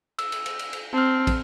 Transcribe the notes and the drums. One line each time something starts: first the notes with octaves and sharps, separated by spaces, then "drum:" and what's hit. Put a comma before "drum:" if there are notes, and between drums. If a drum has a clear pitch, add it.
E6, drum: cymbal
drum: cymbal
drum: cymbal
drum: cymbal
drum: cymbal
C4 A5 F6
drum: kick, cymbal